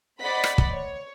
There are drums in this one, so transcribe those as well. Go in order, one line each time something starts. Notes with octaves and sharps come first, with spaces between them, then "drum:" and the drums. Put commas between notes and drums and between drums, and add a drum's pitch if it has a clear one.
C5 D5 D#5 F#5 B5 B6
drum: rim click
drum: kick
C#5